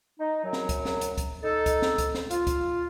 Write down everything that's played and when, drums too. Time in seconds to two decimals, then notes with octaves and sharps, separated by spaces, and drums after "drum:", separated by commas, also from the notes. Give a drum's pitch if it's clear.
0.20 D#4
0.44 F#2 F#3
0.53 drum: snare
0.69 drum: kick C#2, hi-hat
0.85 drum: snare
1.01 drum: hi-hat
1.18 drum: kick C#2, hi-hat
1.43 D#4 A4
1.66 drum: kick C#2, hi-hat
1.82 drum: snare
1.98 drum: kick C#2, hi-hat
2.14 drum: snare
2.31 F4, drum: hi-hat
2.47 drum: kick C#2, hi-hat